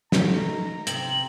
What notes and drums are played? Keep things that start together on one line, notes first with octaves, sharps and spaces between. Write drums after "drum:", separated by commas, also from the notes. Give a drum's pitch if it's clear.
A3 D#4 A#5, drum: snare
C3 F#7, drum: hi-hat